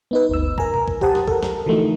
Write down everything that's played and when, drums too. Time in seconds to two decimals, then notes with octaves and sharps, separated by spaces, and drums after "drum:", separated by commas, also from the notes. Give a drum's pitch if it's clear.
0.11 B3 D#4 B4
0.29 G1 D2 E6
0.58 A#4 G#5 A#5, drum: kick
0.74 drum: tom B2
0.88 drum: kick
1.01 G4 A#4 C5 F#5 A5 D#6, drum: kick
1.15 drum: snare
1.28 A4 A#4, drum: kick
1.43 drum: snare
1.66 D3 E3 F3 A3 D#4 F#4